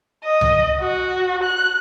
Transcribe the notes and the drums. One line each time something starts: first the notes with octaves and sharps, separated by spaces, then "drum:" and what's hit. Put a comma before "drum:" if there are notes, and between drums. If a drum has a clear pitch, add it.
D#5
drum: tom C2
F#4
F#6